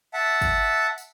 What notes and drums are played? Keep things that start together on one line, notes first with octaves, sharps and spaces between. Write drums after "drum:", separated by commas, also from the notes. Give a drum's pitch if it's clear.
E5 F#5 A5
drum: kick, tambourine
drum: tambourine